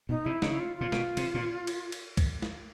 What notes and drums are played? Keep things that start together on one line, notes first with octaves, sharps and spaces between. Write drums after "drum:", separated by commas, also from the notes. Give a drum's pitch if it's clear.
B2 D#4
C3 E4
C#3 D#4, drum: snare
E4
F4
A#2 F4
B2, drum: snare
C3, drum: cymbal
A#2
drum: cymbal
drum: cymbal
drum: kick C2, cymbal
drum: snare